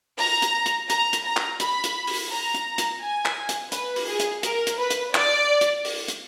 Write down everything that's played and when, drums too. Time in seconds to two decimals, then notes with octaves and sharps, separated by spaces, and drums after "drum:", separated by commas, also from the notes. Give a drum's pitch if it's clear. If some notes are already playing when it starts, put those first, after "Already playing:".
0.19 A#5, drum: open hi-hat
0.42 drum: hi-hat
0.66 drum: hi-hat
0.90 A#5, drum: hi-hat
1.13 drum: hi-hat
1.25 A#5
1.37 drum: clap
1.60 B5, drum: hi-hat
1.84 drum: hi-hat
2.07 drum: open hi-hat
2.31 A#5
2.55 drum: hi-hat
2.78 drum: hi-hat
3.01 G#5
3.25 drum: clap
3.49 drum: hi-hat
3.72 B4, drum: hi-hat
3.96 drum: open hi-hat
4.08 G#4
4.20 drum: hi-hat
4.43 A#4, drum: hi-hat
4.67 drum: hi-hat
4.79 B4
4.90 drum: hi-hat
5.15 D5, drum: clap
5.61 drum: hi-hat
5.85 drum: open hi-hat
6.08 drum: hi-hat